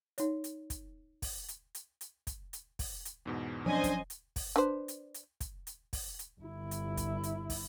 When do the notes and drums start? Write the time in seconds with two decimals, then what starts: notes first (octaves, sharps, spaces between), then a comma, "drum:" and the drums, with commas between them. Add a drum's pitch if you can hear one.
0.18 D#4 C#5, drum: hi-hat
0.44 drum: hi-hat
0.70 drum: kick, hi-hat
1.22 drum: kick, open hi-hat
1.48 drum: hi-hat
1.75 drum: hi-hat
2.01 drum: hi-hat
2.27 drum: kick, hi-hat
2.53 drum: hi-hat
2.79 drum: kick, open hi-hat
3.05 drum: hi-hat
3.26 E2 G#2 B2
3.66 F3 F#3 C#4 D4 C5 D#5 G#5
3.84 drum: kick, hi-hat
4.10 drum: hi-hat
4.36 drum: kick, open hi-hat
4.56 D4 B4 C5
4.88 drum: hi-hat
5.14 drum: hi-hat
5.41 drum: kick, hi-hat
5.67 drum: hi-hat
5.93 drum: kick, open hi-hat
6.19 drum: hi-hat
6.41 G1 E4
6.71 drum: hi-hat
6.97 drum: kick, hi-hat
7.23 drum: hi-hat
7.50 drum: kick, open hi-hat